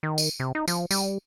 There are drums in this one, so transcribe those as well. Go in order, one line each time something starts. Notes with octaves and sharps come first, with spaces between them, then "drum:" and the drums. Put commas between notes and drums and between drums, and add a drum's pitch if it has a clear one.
D#3
drum: tambourine
C3
D#4
F3, drum: tambourine
G3, drum: tambourine